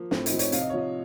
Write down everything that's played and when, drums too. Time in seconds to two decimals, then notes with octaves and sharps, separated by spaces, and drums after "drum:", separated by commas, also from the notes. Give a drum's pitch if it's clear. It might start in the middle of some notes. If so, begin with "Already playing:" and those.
Already playing: F3 A#3
0.11 A2 C4, drum: snare
0.26 D#4, drum: hi-hat
0.32 F3
0.39 C#5, drum: hi-hat
0.52 C3 F5, drum: hi-hat
0.61 D#5
0.70 C#5
0.74 F3 D#5